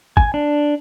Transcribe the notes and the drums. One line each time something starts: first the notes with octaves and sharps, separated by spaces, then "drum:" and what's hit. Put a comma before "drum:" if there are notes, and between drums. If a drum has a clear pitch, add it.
G#5, drum: kick
D4